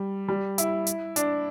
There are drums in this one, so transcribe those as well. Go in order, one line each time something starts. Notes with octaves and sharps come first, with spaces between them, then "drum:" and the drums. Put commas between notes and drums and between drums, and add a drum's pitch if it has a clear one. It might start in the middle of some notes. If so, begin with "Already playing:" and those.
Already playing: G3
G3
E4, drum: hi-hat
drum: hi-hat
D4, drum: hi-hat